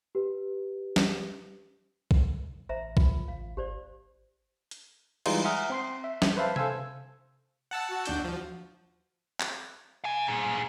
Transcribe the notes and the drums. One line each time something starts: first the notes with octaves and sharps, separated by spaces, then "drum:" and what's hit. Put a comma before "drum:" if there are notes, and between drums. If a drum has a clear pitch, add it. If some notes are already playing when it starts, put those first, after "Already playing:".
G4 B4
drum: snare
drum: kick B1
A1 C5 E5 A#5
F4, drum: kick B1
F5
G#1 G4 C5 D5
drum: hi-hat
E3 G3 G#3 D#4 F4, drum: cymbal
E5 F#5 G#5 A#5 D#6 F6
C4 C6 C7
E5
drum: snare
B4 C5 E5 F5 A5
A4 C5 F5 G#5 E6 G#6, drum: tom C3
F#5 A5 E6
F#4
D#2 D4 G6, drum: hi-hat
F3
drum: clap
F5 G#5
A#2 G#4